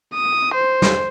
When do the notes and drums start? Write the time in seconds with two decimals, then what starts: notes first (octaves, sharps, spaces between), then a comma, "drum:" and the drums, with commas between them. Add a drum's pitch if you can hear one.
0.14 D#6
0.54 C5
0.82 drum: snare